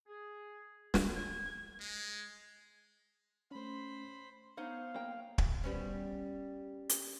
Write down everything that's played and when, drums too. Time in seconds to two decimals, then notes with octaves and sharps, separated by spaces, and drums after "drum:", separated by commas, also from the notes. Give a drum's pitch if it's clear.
0.08 G#4
0.94 drum: snare
1.16 G#6
1.80 G#3
3.51 A3 C#4 C5 B5
4.57 B3 D#4 C5 C#5 F5 F#5
4.94 A#3 G5
5.38 drum: kick
5.64 G3 B3 C#4
6.89 drum: hi-hat